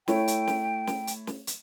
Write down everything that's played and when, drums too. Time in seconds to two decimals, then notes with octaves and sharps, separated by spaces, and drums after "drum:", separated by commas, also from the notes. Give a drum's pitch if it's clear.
0.08 A3 E4 C#5 G5, drum: snare
0.28 drum: hi-hat
0.47 drum: snare
0.87 drum: snare
1.07 drum: hi-hat
1.27 drum: snare
1.47 drum: hi-hat